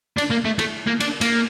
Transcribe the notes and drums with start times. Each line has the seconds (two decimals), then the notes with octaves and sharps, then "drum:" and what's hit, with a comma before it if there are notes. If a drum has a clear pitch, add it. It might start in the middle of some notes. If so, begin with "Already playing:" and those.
0.18 D4, drum: cymbal
0.31 A#3
0.45 A3
0.59 A3, drum: cymbal
0.87 A#3
1.00 D4, drum: cymbal
1.21 A#3, drum: cymbal